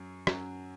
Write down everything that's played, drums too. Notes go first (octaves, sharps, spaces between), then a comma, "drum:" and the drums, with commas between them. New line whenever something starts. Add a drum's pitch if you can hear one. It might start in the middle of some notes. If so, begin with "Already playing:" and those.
Already playing: F#2 F#3
F#2 F#3, drum: rim click